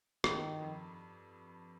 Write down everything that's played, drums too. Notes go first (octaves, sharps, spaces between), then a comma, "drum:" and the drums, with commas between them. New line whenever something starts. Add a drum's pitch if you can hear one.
G2 D#3, drum: rim click
F2